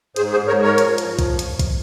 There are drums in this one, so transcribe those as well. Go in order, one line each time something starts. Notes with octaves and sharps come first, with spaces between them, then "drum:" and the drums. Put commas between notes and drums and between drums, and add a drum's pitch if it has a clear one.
G#2 G#4 C5, drum: hi-hat
G#4 C5
G#2 A#4 C#5
A#4 C#5
F3, drum: hi-hat
drum: hi-hat
F3
drum: kick B1, hi-hat
drum: hi-hat
drum: kick B1, hi-hat